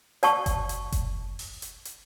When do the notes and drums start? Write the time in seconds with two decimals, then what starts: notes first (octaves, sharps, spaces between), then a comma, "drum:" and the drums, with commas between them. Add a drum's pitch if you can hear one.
0.23 D5 A5 C#6, drum: hi-hat
0.46 drum: kick F#1, hi-hat
0.69 drum: hi-hat
0.92 drum: kick F#1, hi-hat
1.39 drum: open hi-hat
1.62 drum: hi-hat
1.85 drum: hi-hat